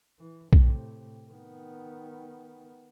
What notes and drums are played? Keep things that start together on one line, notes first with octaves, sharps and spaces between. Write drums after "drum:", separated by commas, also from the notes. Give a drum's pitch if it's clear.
E3
A2 C3, drum: kick B1
D#3 B3